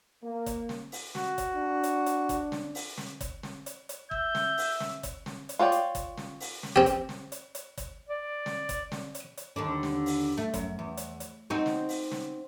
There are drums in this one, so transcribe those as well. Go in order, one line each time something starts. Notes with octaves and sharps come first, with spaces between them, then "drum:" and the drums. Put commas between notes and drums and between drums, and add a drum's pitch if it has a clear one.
A#3
drum: kick G1, hi-hat
drum: snare
drum: open hi-hat
F#4, drum: snare
drum: kick G1, hi-hat
D4
drum: hi-hat
drum: hi-hat
drum: kick G1, hi-hat
drum: snare
drum: open hi-hat
drum: snare
drum: kick G1, hi-hat
drum: snare
drum: hi-hat
drum: hi-hat
E5 G6, drum: kick G1
drum: snare
drum: open hi-hat
drum: snare
drum: kick G1, hi-hat
drum: snare
drum: hi-hat
F4 C#5 D5 G5
drum: hi-hat
drum: kick G1, hi-hat
drum: snare
drum: open hi-hat
drum: snare
C4 G4
drum: kick G1, hi-hat
drum: snare
drum: hi-hat
drum: hi-hat
drum: kick G1, hi-hat
D5
drum: snare
drum: kick G1, hi-hat
drum: snare
drum: hi-hat
drum: hi-hat
D#2 D3 D4
drum: snare
drum: open hi-hat
A3
F#2, drum: kick G1, hi-hat
E2
drum: hi-hat
drum: hi-hat
C4 D#4 F#4
drum: snare
drum: open hi-hat
drum: snare